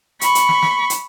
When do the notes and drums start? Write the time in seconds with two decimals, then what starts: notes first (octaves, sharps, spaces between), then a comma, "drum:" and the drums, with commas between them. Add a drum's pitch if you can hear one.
0.21 B5 C#6, drum: hi-hat
0.35 drum: hi-hat
0.49 drum: snare
0.62 drum: snare
0.90 drum: hi-hat